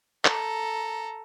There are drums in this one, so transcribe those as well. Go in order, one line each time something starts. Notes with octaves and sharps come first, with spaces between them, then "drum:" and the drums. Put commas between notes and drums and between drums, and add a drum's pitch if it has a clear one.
A4 A#5, drum: clap